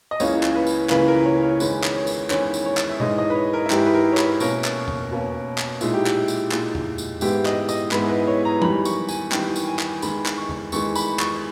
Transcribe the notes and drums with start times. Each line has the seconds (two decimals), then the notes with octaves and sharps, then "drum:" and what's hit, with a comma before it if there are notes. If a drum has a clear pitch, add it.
0.11 D#5
0.20 C#2 C#3 E3 A#3 C#5, drum: tambourine
0.43 drum: clap
0.55 B4
0.67 drum: tambourine
0.90 C#2 C#3 E3 A#3 B4, drum: clap
1.08 A#4
1.25 C#5
1.42 C#5
1.60 E2 D#3 G#3 C#4 B4, drum: tambourine
1.84 drum: clap
1.95 C#5
2.07 drum: tambourine
2.30 E2 D#3 G#3 C#4 C#5, drum: clap
2.54 drum: tambourine
2.65 C#5
2.77 drum: clap
2.89 E5
3.00 G#2 E3 G#3 D#4 D#5, drum: tom B2
3.18 D#5
3.30 B4
3.35 C#5
3.53 A#4
3.66 E4
3.70 G#2 E3 G#3 D#4 G4, drum: clap
3.86 B4
3.94 A#4
4.13 C#5
4.17 B4, drum: clap
4.40 B2 A#3 C#4 A#4, drum: tambourine
4.64 drum: clap
4.88 drum: tom E2
5.11 B2 A#3 C#4
5.58 drum: clap
5.81 A#2 G#3 D#4 E4, drum: tambourine
5.94 G4
6.07 E4, drum: clap
6.28 drum: tambourine
6.52 A#2 G#3 D#4, drum: clap
6.75 drum: tom E2
6.98 drum: tambourine
7.21 G#2 E3 G#3 B3 E4 G4, drum: tambourine
7.46 D#5, drum: clap
7.69 D#5, drum: tambourine
7.91 G#2 E3 G#3 B3 E4 B4, drum: clap
8.09 B4
8.27 C#5
8.45 A#5
8.62 E2 D#3 G3 B5, drum: tom
8.85 C#6, drum: tambourine
9.08 G#5, drum: tambourine
9.32 E2 D#3 G3 G5, drum: clap
9.56 drum: tambourine
9.67 G#5
9.79 drum: clap
10.02 E2 D#3 G#3 B5, drum: tambourine
10.26 drum: clap
10.37 C#6
10.49 drum: tom E2
10.72 E2 D#3 G#3 C#6, drum: tambourine
10.96 B5, drum: tambourine
11.19 C#6, drum: clap